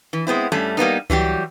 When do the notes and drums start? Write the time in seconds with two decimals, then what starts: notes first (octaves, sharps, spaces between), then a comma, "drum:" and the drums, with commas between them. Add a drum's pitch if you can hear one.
0.13 E3
0.27 G#3 B3 C4 E4
0.52 G2 G3 A3 C#4
0.77 G3 A#3 B3 D#4
1.10 E3 F#3 G3 G4, drum: tom C#2